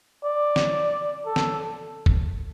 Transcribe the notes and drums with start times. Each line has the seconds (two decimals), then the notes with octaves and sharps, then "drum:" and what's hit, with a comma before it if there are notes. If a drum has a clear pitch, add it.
0.24 D5
0.56 drum: snare
1.26 A4
1.36 drum: snare
2.06 drum: kick